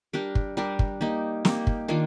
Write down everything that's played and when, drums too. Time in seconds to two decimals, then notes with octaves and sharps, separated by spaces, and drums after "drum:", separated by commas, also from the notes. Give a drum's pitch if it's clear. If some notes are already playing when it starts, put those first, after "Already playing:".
0.13 G3 D4 G4 A#4
0.35 drum: kick
0.57 G3 D4 G4 A#4
0.79 drum: kick
1.01 A#3 D#4 G4
1.45 A#3 D#4 G4, drum: snare
1.67 drum: kick
1.88 D#3 A#3 D4 F4